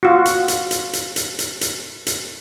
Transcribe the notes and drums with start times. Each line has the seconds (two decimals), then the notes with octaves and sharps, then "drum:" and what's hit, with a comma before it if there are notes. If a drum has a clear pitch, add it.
0.03 F4 F#4
0.25 drum: hi-hat
0.48 drum: hi-hat
0.71 drum: hi-hat
0.93 drum: hi-hat
1.16 drum: hi-hat
1.39 drum: hi-hat
1.61 drum: hi-hat
2.06 drum: hi-hat